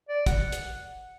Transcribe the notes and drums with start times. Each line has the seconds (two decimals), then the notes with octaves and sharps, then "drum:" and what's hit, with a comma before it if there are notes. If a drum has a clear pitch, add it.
0.09 D5
0.26 F#5, drum: kick, hi-hat
0.52 drum: hi-hat